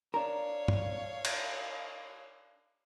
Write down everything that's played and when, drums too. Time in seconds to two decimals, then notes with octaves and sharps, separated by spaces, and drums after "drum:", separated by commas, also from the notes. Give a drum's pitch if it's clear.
0.14 D4 A#4 C#5 F5
0.68 drum: tom G2
1.25 drum: cymbal